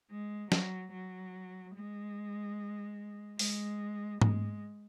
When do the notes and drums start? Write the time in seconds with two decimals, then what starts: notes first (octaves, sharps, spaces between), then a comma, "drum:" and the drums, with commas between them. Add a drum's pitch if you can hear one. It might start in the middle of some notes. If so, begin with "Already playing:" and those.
0.11 G#3
0.52 F#3, drum: snare
0.92 F#3
1.75 G#3
3.39 G#3, drum: open hi-hat
4.22 G#3, drum: tom G#2